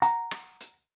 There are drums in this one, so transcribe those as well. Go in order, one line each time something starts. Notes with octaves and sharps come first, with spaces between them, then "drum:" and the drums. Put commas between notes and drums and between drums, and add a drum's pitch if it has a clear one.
F#5 A#5, drum: hi-hat
drum: rim click
drum: hi-hat